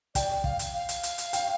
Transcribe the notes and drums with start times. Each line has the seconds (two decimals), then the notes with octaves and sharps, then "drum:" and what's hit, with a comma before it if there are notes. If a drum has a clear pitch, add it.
0.15 D5 G5, drum: kick, hi-hat
0.44 F5, drum: kick
0.59 drum: hi-hat
0.74 F5
0.89 drum: hi-hat
1.03 drum: hi-hat
1.18 drum: hi-hat
1.33 G5, drum: hi-hat